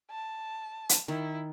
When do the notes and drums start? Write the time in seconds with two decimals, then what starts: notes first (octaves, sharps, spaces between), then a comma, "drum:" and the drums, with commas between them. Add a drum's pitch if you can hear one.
0.11 A5
0.89 drum: hi-hat
1.08 D#3 E4